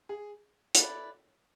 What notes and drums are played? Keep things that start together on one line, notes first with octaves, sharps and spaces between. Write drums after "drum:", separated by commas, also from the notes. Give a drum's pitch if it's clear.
G#4
E4 A4 B4 D5, drum: hi-hat